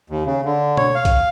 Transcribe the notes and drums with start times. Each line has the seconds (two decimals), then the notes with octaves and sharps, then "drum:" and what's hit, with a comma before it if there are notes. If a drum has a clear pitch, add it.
0.10 D#2
0.26 C#3
0.45 D3
0.77 C#5, drum: tom B2
0.95 F5
1.05 drum: kick, hi-hat